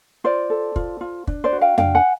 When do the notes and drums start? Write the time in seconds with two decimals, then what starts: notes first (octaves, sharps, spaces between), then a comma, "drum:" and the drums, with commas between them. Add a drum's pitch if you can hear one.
0.24 F4 C5 D5
0.50 A4
0.76 F4, drum: kick
1.01 F4
1.27 D4, drum: kick
1.44 C5 D5
1.52 F#4
1.61 F5 G5
1.78 D4 F5 G5, drum: tom F2
1.95 F#5 G#5